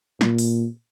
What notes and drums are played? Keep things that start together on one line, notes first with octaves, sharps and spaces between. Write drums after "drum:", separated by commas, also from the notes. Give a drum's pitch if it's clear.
A#2, drum: snare
drum: open hi-hat